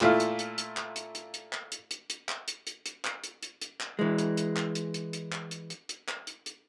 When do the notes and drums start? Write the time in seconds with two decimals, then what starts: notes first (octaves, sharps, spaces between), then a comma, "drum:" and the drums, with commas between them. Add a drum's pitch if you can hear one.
0.01 A#2 A3 E4 F4, drum: clap
0.20 drum: hi-hat
0.39 drum: hi-hat
0.58 drum: hi-hat
0.77 drum: clap
0.96 drum: hi-hat
1.15 drum: hi-hat
1.34 drum: hi-hat
1.53 drum: clap
1.72 drum: hi-hat
1.91 drum: hi-hat
2.10 drum: hi-hat
2.29 drum: clap
2.48 drum: hi-hat
2.67 drum: hi-hat
2.86 drum: hi-hat
3.05 drum: clap
3.24 drum: hi-hat
3.43 drum: hi-hat
3.62 drum: hi-hat
3.80 drum: clap
3.99 E3 G#3
4.18 drum: hi-hat
4.37 drum: hi-hat
4.56 drum: clap
4.75 drum: hi-hat
4.94 drum: hi-hat
5.13 drum: hi-hat
5.32 drum: clap
5.51 drum: hi-hat
5.70 drum: hi-hat
5.89 drum: hi-hat
6.08 drum: clap
6.27 drum: hi-hat
6.46 drum: hi-hat